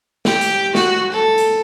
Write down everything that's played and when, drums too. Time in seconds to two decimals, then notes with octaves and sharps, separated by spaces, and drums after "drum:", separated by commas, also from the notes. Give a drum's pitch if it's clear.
0.25 G4, drum: snare
0.41 drum: hi-hat
0.75 F#4, drum: snare
1.12 A4
1.38 drum: hi-hat